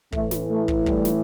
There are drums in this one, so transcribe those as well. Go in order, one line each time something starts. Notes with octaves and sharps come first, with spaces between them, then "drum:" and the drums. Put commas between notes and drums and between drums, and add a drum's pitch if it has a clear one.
A2 E3 A3, drum: kick
drum: snare
A3
drum: kick
G3, drum: kick
drum: snare